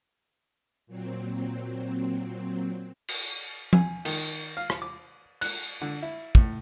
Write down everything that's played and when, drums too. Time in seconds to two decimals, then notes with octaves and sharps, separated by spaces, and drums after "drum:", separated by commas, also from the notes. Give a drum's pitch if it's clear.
0.87 A#2 F#3 C4
3.08 drum: cymbal
3.73 G#5, drum: tom F3
4.05 D#3, drum: cymbal
4.57 F5
4.70 drum: rim click
4.82 D6
5.41 F#6, drum: cymbal
5.82 D3
6.03 E4
6.35 A2, drum: kick